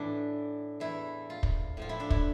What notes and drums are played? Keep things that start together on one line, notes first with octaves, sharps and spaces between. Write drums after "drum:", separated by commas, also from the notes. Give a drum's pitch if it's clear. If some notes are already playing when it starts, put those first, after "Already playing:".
Already playing: A2 E3 D4 E4
E2 E3 E4
F4
drum: kick
A2 F3 F4
E4
D4
E4, drum: kick